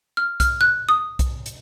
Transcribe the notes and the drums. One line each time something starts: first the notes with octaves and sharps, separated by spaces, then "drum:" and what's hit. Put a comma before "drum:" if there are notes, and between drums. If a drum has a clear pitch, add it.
F6
F6, drum: kick B1, hi-hat
F#6
D#6
drum: kick B1, hi-hat
drum: hi-hat